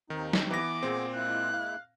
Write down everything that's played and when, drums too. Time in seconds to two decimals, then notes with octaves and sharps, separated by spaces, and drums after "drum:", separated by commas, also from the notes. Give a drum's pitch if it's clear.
0.10 D#2 D#3 C4 D#4
0.33 drum: snare
0.51 E3 B3 D6 A#6
0.83 A#2 B3 C4 G#4
1.14 G#3 A#3 E4 F#6
1.54 F5